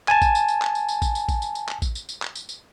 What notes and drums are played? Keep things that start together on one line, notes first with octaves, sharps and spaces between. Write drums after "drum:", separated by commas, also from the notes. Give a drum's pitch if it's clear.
G#5 A5, drum: clap
drum: kick, tambourine
drum: tambourine
drum: tambourine
drum: clap
drum: tambourine
drum: tambourine
drum: kick, tambourine
drum: tambourine
drum: kick, tambourine
drum: tambourine
drum: tambourine
drum: clap
drum: kick, tambourine
drum: tambourine
drum: tambourine
drum: clap
drum: tambourine
drum: tambourine